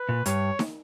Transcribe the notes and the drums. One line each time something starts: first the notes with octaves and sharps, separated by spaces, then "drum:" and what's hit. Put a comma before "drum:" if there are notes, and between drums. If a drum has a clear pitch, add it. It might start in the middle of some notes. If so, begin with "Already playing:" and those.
Already playing: B4
A#2
G2 C#5, drum: hi-hat
drum: snare D#4